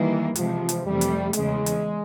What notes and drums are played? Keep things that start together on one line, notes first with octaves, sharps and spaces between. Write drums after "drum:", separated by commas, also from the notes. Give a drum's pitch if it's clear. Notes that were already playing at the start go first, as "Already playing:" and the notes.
Already playing: D#3 E3 G3 A#3
C3 E3 F3 G#3, drum: hi-hat
drum: hi-hat
F2 C3 E3 G3 A3
drum: hi-hat
E2 C#3 E3 G#3, drum: hi-hat
drum: hi-hat